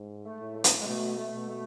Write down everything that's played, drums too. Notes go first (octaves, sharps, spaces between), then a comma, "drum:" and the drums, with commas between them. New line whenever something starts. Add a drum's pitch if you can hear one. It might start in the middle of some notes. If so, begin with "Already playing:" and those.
Already playing: G#2
A3
A2
A3
B3, drum: hi-hat
A3
G#3
B2 A3
A3
B2
A3